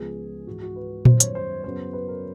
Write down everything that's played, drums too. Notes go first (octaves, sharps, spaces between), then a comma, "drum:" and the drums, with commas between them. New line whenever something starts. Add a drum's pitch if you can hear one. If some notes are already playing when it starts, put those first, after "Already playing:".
Already playing: C#2 C#3 F3 G#3 B3 G#4
G#2 E3 G#3 F#4
F#4
B4
F#2 D#3 G3 B3 C5, drum: tom A#2
C#5, drum: hi-hat
C5
F#2 C#3 F#3 B3 C5
B4
A#4